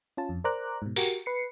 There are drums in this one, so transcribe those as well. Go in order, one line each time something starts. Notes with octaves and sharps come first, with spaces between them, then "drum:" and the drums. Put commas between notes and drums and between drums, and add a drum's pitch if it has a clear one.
C#4 F4 A5
F2
A#4 C5 D5 A#5 D6 F#6
G#2 B2
F#4 G4 A#4, drum: tambourine
B4 C7 C#7